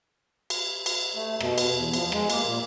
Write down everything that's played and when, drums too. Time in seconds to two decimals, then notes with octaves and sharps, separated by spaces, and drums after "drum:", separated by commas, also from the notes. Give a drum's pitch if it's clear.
0.50 drum: cymbal
0.86 drum: cymbal
1.15 A3
1.40 B2, drum: rim click
1.58 drum: cymbal
1.75 E2
1.94 F3, drum: cymbal
2.12 G#3, drum: rim click
2.30 A#3, drum: cymbal
2.45 A#2